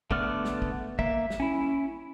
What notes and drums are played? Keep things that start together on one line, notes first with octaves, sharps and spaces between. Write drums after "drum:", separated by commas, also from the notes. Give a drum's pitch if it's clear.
D3 A3 B3 D5 F6, drum: kick
drum: snare
drum: kick
A#3 E5, drum: kick
drum: snare
C#4 E4